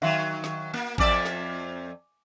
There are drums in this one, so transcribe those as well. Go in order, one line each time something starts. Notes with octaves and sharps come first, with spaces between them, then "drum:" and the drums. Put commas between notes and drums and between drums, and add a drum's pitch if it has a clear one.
D#3 F#3 E5 F5 C6
drum: snare
A#3
F2 D5 E5 G#5 D6, drum: kick
drum: snare